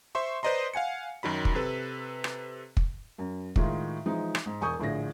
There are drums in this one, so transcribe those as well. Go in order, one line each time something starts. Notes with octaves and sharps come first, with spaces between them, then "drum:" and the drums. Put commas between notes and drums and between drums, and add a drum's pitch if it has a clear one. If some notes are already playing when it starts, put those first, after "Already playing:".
C5 E5 C6 C#6
B4 C5 D5 D#5 A#5 C6
F5 F#5 G#5 C#7
F#2 D#3 F#3 B5
drum: kick
C3 A4 B4
drum: rim click
drum: kick
F#2
A2 D#3 G#3 F4, drum: kick
E3 F3 G#3 D#4
drum: rim click
G#2
E1 G#5 C#6 D#6 G6
A#1 A2 D3 G#4 A#6